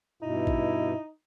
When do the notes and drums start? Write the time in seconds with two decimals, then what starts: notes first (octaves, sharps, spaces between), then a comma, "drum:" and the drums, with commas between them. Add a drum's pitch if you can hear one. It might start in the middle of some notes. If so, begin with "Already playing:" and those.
0.23 G2 B2 D#4 E4
0.47 drum: kick A1